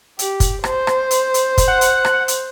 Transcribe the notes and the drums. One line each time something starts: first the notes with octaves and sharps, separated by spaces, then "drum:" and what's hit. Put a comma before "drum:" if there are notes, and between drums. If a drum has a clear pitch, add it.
G4, drum: hi-hat
drum: kick, hi-hat
C5, drum: rim click
drum: rim click
drum: hi-hat
drum: hi-hat
drum: kick, hi-hat
F#5
drum: hi-hat
drum: rim click
drum: hi-hat